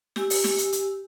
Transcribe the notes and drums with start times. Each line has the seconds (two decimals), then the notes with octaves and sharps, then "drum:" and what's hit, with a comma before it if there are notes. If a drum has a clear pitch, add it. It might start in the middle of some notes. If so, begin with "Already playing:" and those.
0.16 G4 G#5 E6, drum: snare
0.30 drum: open hi-hat
0.44 drum: snare
0.58 drum: hi-hat
0.72 drum: hi-hat